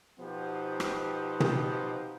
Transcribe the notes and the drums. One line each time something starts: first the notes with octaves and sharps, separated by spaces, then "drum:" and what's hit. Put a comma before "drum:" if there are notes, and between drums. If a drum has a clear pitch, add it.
B2 F3 B3 D#4 G4 C5
drum: rim click
drum: tom